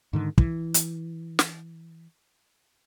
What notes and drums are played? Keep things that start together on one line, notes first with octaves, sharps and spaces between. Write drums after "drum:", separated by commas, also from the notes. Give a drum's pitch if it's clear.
G#2 D3 D#3
E3, drum: kick
drum: hi-hat
drum: snare